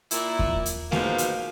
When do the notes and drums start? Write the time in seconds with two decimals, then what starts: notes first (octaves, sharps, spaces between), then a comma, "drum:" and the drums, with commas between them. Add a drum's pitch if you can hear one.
0.11 A#2 E4, drum: hi-hat
0.39 drum: kick E2
0.66 drum: hi-hat
0.92 G#2 B2 F3 A#3, drum: snare A3
1.18 drum: hi-hat